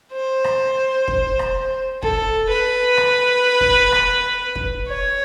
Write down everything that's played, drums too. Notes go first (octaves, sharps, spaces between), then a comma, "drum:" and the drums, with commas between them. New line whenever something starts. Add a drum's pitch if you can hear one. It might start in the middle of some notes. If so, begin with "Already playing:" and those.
C5
drum: rim click
drum: kick
drum: rim click
A4, drum: kick
B4
drum: rim click
drum: kick
drum: rim click
drum: kick
C#5